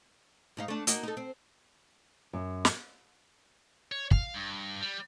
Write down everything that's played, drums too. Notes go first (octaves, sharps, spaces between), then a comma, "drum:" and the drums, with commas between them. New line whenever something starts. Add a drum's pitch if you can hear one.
G#2 D#4 F5
A3 D4
A#3 D#4 F#4, drum: hi-hat
D#4 A4
C4
F#2
drum: snare
C#5
F5, drum: kick
G2
G3